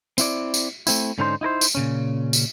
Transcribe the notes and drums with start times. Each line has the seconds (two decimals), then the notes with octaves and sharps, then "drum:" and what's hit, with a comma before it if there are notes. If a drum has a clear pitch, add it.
0.18 C4 E4 D5, drum: tambourine
0.54 drum: tambourine
0.87 A3 C4 E4, drum: tambourine
1.18 G#2 D3 C#4 D#4 A4 C5
1.41 D#4 E4 A#4 C5
1.61 drum: tambourine
1.75 A#2 C#3 C#4
2.33 drum: tambourine